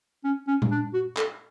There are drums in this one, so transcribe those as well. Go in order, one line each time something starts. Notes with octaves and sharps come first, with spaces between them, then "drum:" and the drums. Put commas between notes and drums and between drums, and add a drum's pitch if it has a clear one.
C#4
C#4
drum: tom A#2
D4
F#4
A4, drum: clap